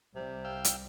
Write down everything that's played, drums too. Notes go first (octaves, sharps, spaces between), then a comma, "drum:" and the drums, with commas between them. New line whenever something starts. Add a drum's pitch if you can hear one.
C2 C3 G3
F5 G5 E6
drum: hi-hat